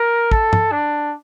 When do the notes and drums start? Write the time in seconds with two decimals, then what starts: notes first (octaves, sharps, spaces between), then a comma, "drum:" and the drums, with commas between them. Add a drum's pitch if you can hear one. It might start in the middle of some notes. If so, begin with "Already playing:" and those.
Already playing: A#4
0.31 A4, drum: kick
0.53 drum: tom
0.72 D4